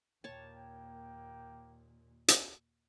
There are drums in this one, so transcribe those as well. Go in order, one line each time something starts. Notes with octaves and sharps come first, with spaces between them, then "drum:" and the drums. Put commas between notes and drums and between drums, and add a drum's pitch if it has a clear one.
D#2 A#2 A#3 C#5 G5 A5
drum: hi-hat